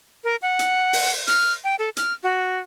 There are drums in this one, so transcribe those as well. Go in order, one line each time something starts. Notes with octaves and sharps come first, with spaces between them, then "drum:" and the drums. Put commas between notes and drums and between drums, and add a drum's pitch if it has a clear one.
A#4
F#5
drum: hi-hat
drum: open hi-hat
F6, drum: hi-hat
G5
A4
F6, drum: hi-hat
F#4